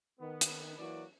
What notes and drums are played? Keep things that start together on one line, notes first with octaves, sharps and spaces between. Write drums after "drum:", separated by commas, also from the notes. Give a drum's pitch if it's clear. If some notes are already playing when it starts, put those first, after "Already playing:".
D#3 B3
drum: hi-hat
E3 F#3 A#3 F#4 D5